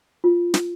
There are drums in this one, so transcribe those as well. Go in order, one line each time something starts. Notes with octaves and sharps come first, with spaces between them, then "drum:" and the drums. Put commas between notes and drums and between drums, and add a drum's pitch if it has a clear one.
F4
drum: snare